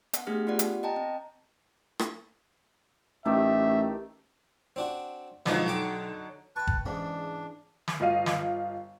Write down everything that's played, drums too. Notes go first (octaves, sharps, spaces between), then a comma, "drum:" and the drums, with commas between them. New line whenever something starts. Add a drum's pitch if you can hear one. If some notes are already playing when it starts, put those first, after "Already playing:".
B3 F#5, drum: hi-hat
A3 B3 D4 G4 G#4 F6
B3 F4 G4 D5 F#5
drum: hi-hat
D#5 G5 A5 A#5
C4
drum: rim click
A1 D#3 A3 G4 E5
C4 D4 F#4
B2 D3 F3 F#3 G#3 D#4, drum: snare
B1 G5 D6
B4 G5 A5 C#6
drum: kick
E2 G#2 C#3 D4
drum: snare
G1 F4 D#5 F5 D#7
drum: snare